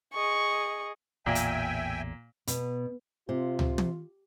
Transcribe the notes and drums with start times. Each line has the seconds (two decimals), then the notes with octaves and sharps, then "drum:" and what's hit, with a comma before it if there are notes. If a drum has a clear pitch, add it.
0.14 G#4 D#5 C#6
1.26 A1 E2 A#2 E5 G5 G#5
1.35 drum: hi-hat
2.47 B2, drum: hi-hat
3.29 C3 F4
3.59 drum: tom
3.78 drum: tom